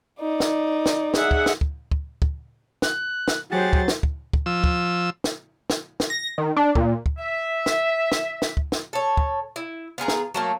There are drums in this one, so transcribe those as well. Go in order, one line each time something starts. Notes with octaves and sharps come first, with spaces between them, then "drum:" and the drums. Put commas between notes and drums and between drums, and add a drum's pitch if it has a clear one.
D#4 D5
drum: snare
drum: snare
G#4 E5 F#5, drum: snare
drum: kick
drum: snare
drum: kick
drum: kick
drum: kick
F#6, drum: snare
drum: snare
F#3 G4 G#4 C5 F#5 A6
drum: kick
drum: snare
drum: kick
drum: kick
F3 E6
drum: kick
drum: snare
drum: snare
drum: snare
A#6
D#3
D4
A#2, drum: kick
drum: kick
E5
drum: snare
drum: snare
drum: snare
drum: kick
drum: snare
A4 C#5
drum: kick
E4
B3 F4 G#4 A#5
drum: snare
F#3 A3 A#3